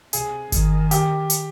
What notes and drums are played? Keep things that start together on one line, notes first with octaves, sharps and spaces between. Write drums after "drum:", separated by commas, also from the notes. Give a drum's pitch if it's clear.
C3 G#4, drum: hi-hat
D#3, drum: kick G1, hi-hat
G4, drum: hi-hat
drum: hi-hat